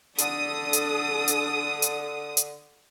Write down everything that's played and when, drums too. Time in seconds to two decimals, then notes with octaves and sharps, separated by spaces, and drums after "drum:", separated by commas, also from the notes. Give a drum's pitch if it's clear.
0.18 D3 D4 A4 D#6, drum: hi-hat
0.73 drum: hi-hat
1.28 drum: hi-hat
1.82 drum: hi-hat
2.37 drum: hi-hat